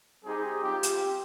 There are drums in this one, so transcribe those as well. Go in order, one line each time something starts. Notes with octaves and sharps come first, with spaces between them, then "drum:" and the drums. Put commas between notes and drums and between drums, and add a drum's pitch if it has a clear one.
G3 C4 D#4 G4 G#4
C4 F4 G4
drum: hi-hat